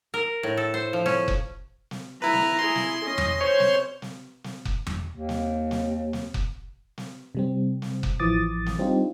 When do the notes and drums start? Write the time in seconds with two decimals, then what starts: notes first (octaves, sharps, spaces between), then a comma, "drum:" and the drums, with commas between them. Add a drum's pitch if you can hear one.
0.14 A#4
0.43 A2
0.57 A4
0.74 C5
0.93 F3
1.06 C#4, drum: snare
1.28 drum: kick F1
1.91 drum: snare
2.22 E4 B4 A#5
2.33 drum: snare
2.59 E4 G#4 C6
2.75 drum: snare
3.04 C#4 D#5
3.18 drum: tom E2
3.41 C5 C#5
3.60 drum: snare
4.02 drum: snare
4.44 drum: snare
4.65 drum: kick F1
4.87 drum: tom E2
5.11 D#2
5.29 drum: snare
5.71 drum: snare
6.13 drum: snare
6.34 drum: kick F1
6.98 drum: snare
7.35 C3 G3 C4
7.82 drum: snare
8.03 drum: kick F1
8.20 A1 E3 F3 D6 D#6 A6
8.66 drum: snare
8.79 G3 C4 D4 D#4 F4 G4